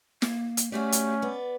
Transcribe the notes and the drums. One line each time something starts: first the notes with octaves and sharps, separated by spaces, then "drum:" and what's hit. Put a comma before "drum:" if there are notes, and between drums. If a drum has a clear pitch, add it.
A#3, drum: snare
drum: hi-hat
A3 C#4 F#4 G4 D5
drum: hi-hat
B3 D5